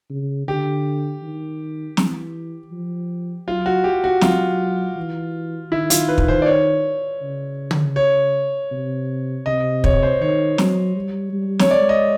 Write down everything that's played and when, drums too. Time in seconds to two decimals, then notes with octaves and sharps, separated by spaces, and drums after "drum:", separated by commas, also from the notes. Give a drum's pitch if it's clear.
0.10 C#3
0.48 D3 G4
1.23 D#3
1.97 E3, drum: snare
2.72 F3
3.47 F#3 F4
3.66 F#4
3.84 G4
4.04 F#4
4.21 F#3 F4, drum: snare
4.96 E3
5.72 D#3 E4
5.90 F4, drum: hi-hat
6.08 B4
6.18 drum: kick
6.28 C5
6.42 D5
6.46 C#5
7.21 C#3
7.71 drum: tom
7.96 C#5
8.72 C3
9.46 C3 D#5
9.84 C#5, drum: kick
10.03 C5
10.21 D#3 C#5
10.58 F#3, drum: snare
10.96 G3
11.33 G3
11.59 C#5, drum: snare
11.70 G#3 D5
11.89 D#5